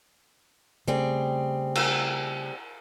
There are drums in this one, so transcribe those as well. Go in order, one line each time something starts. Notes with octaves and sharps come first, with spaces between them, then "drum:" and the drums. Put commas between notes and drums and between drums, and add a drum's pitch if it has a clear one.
C#3 G3 A3 C4 G#4
drum: cymbal